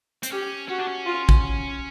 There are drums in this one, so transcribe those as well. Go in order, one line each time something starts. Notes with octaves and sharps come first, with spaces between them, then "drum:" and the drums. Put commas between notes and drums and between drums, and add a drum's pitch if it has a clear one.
C4, drum: hi-hat
C#4 G4
C#4 F#4
D4
C#4
F4
drum: kick A1